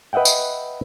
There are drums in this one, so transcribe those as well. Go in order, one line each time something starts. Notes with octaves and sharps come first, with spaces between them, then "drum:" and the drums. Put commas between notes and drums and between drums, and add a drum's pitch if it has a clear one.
B4 D#5 E5 F#5 G5
drum: tambourine